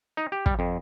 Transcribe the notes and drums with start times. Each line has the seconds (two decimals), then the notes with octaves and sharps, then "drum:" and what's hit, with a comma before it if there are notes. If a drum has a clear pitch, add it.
0.17 D#4
0.32 G4
0.46 G3, drum: kick
0.59 F2